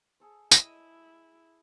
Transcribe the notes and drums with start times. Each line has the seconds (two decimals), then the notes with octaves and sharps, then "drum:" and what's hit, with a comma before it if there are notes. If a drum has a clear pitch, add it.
0.20 G#4 A4 C5
0.51 E4 D#5, drum: tambourine